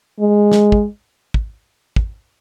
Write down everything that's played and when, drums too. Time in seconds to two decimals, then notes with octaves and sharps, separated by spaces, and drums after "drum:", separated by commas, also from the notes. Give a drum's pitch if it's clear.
0.20 G#3
0.52 drum: snare
0.72 drum: kick
1.34 drum: kick
1.96 drum: kick